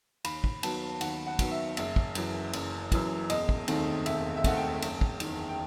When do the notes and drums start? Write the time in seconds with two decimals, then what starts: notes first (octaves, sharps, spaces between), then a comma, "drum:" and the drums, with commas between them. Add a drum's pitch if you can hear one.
0.24 D#2 B5, drum: cymbal
0.44 drum: kick
0.63 D#3 F#3 B3 A5, drum: cymbal
1.01 D#2 F#5, drum: cymbal
1.27 F#5
1.39 D#3 F#3 B3, drum: kick, cymbal
1.51 E5
1.77 F#1 E5, drum: cymbal
1.96 drum: kick
2.15 F#2 E3, drum: cymbal
2.53 F#1, drum: cymbal
2.92 F#2 E3, drum: kick, cymbal
3.30 E1 D#5, drum: cymbal
3.49 drum: kick
3.68 D#2 D#3 A3 C4, drum: cymbal
4.06 E1 E5, drum: cymbal
4.37 E5
4.44 D#2 D#3 A3 C4 F#5, drum: kick, cymbal
4.57 G5
4.82 F#1, drum: cymbal
5.01 drum: kick
5.20 E2 D#3, drum: cymbal
5.49 G5